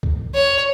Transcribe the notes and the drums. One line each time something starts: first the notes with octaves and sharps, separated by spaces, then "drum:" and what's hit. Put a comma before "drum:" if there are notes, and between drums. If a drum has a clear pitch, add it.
drum: kick
C#5